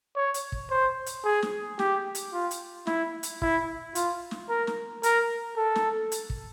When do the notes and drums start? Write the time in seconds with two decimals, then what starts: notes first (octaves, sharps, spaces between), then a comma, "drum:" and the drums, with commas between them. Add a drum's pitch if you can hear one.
0.16 C#5
0.34 drum: hi-hat
0.52 drum: kick
0.71 C5
1.06 drum: hi-hat
1.24 G#4
1.42 drum: snare
1.79 G4, drum: snare
2.15 drum: hi-hat
2.33 F4
2.51 drum: hi-hat
2.87 E4, drum: snare
3.23 drum: hi-hat
3.42 E4, drum: kick
3.95 F4, drum: hi-hat
4.31 drum: snare
4.49 A#4
4.67 drum: snare
5.03 A#4, drum: hi-hat
5.57 A4
5.76 drum: snare
6.12 drum: hi-hat
6.30 drum: kick